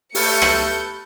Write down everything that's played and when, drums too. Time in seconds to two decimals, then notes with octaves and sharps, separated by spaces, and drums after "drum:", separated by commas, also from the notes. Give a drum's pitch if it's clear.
0.15 A3 G4 A4 B4 F6 G6 A6 C#7, drum: open hi-hat
0.42 drum: rim click